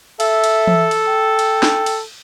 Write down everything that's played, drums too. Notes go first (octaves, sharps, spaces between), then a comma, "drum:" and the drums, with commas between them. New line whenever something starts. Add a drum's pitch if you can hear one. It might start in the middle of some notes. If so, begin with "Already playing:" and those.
A4 E5, drum: cymbal
drum: cymbal
drum: tom E3
drum: cymbal
G5
drum: cymbal
drum: snare
drum: cymbal